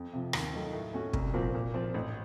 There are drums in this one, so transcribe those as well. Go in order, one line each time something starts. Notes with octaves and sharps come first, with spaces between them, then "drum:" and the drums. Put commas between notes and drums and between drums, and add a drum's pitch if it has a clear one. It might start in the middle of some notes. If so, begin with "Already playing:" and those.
Already playing: F2
C3 F3
D#2, drum: rim click
D#3 F#3 A3 D#4
A2
A3 C#4 F#4
C2, drum: kick
A#2 F3 C4 F#4
A#2
F3 C4 F4
A1